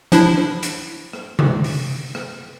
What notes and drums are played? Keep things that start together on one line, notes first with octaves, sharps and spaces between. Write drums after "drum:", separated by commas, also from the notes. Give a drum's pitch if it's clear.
F3 D4 E4, drum: hi-hat
drum: rim click
drum: hi-hat
drum: rim click
drum: tom C3
drum: open hi-hat
drum: rim click